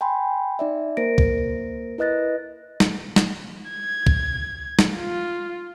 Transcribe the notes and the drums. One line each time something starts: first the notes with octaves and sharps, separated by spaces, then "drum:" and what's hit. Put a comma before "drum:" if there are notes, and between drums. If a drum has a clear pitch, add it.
G5 G#5 B5 C6
D#4 D5 E5
A#3 A#4 C5 A#6 D7
drum: kick
E4 B4 D#5 F#6 A6 A#6
drum: snare
drum: snare
G#6
drum: kick
drum: snare
F4